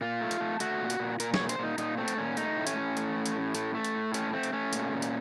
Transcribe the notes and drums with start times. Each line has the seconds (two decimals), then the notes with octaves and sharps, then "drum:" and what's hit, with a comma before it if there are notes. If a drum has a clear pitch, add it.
0.01 A#2 F4
0.21 A3
0.31 drum: hi-hat
0.40 A3
0.60 A3 F#4, drum: hi-hat
0.81 A#2
0.90 drum: hi-hat
1.00 A#2
1.20 A#2 A#4, drum: hi-hat
1.34 C#5, drum: snare
1.40 A#2
1.49 C5, drum: hi-hat
1.59 A#2 D#4
1.78 A#2 D#4, drum: hi-hat
1.97 A3 C4
2.08 drum: hi-hat
2.17 A#2 C#4
2.37 A3 D#4, drum: hi-hat
2.57 A2
2.67 C#4, drum: hi-hat
2.76 A2
2.97 A3, drum: hi-hat
3.16 A2
3.26 drum: hi-hat
3.35 A2
3.55 A3, drum: hi-hat
3.75 A3
3.84 drum: hi-hat
3.95 A2
4.14 A3 C#4, drum: hi-hat
4.33 A3 C4
4.43 drum: hi-hat
4.53 A3 C#4
4.73 A#2, drum: hi-hat
4.93 A#2
5.02 drum: hi-hat